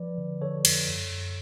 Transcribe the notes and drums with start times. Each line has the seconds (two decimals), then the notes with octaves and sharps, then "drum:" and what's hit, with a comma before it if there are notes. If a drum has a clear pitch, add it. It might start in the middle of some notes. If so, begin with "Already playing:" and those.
Already playing: F3 B4 D5
0.18 D3
0.41 D3 A4 C#5
0.65 F2, drum: cymbal
0.89 F#2
1.12 F#2